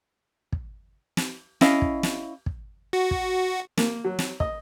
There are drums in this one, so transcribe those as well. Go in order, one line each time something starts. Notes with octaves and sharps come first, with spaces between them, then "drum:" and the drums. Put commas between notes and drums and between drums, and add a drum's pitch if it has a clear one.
drum: kick
drum: snare
C#4 E4 D#5 F5, drum: snare
drum: kick
drum: snare
drum: kick
F#4
drum: kick
A#3, drum: snare
F#3
drum: snare
D#5, drum: kick